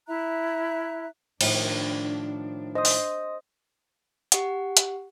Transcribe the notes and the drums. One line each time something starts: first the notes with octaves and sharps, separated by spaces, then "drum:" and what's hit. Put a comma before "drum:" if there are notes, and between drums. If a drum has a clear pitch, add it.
E4 E5 A#5 F#6
A2 D#3 F3 D4, drum: cymbal
C5 D#5 D#6
drum: open hi-hat
G4 F#5, drum: hi-hat
drum: hi-hat